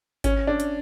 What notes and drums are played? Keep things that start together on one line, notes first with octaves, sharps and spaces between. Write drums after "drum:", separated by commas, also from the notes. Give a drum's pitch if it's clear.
C#4, drum: kick G#1, hi-hat
D4
drum: hi-hat